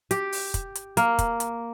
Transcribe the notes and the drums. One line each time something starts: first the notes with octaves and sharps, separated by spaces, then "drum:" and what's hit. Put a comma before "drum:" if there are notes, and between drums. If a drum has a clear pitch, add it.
G4, drum: hi-hat
drum: open hi-hat
drum: kick, hi-hat
drum: hi-hat
A#3, drum: hi-hat
drum: kick, hi-hat
drum: hi-hat